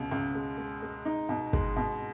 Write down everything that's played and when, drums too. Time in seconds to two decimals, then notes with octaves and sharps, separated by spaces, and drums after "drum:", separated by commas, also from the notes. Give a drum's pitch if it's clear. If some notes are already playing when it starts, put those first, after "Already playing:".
Already playing: C#2 B2
0.11 C#2
0.35 G#3
0.58 G#3
0.82 G#3
1.05 D#4
1.29 B2
1.53 G#3, drum: kick
1.76 B2